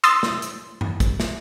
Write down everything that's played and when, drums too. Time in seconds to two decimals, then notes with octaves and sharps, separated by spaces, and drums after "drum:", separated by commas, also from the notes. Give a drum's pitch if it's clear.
0.04 C6 D#6 E6 A6, drum: hi-hat
0.23 drum: snare
0.42 drum: hi-hat
0.81 drum: tom G2
1.00 drum: kick, hi-hat
1.20 drum: snare